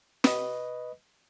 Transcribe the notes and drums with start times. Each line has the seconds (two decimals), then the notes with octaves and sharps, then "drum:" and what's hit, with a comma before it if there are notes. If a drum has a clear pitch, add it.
0.24 B4 D#5, drum: snare